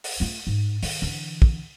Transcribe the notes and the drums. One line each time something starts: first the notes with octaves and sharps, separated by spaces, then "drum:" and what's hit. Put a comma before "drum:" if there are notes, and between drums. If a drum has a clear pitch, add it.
drum: open hi-hat
A3 F4
G#2
D#3, drum: open hi-hat
D3 E3
drum: kick